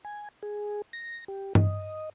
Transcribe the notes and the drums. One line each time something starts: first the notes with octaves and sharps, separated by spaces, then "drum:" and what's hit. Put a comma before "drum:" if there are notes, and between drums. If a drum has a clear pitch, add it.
G#5
G#4
A#6
G4
D#5, drum: tom G2